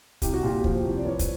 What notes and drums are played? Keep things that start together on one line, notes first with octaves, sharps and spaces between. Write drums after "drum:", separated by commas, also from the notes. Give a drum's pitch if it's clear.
C2 G4, drum: kick, hi-hat
F#4
A#2 F4 G4
F3, drum: kick
C2
D5
F3 B4 C#5
drum: kick, hi-hat